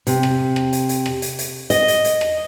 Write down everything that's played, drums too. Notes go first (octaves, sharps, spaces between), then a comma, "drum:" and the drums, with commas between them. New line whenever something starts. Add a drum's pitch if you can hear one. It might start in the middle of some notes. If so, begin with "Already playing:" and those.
C3, drum: hi-hat
drum: rim click
drum: rim click
drum: hi-hat
drum: hi-hat
drum: rim click
drum: hi-hat
drum: hi-hat
D#5, drum: hi-hat
drum: hi-hat
drum: hi-hat
drum: rim click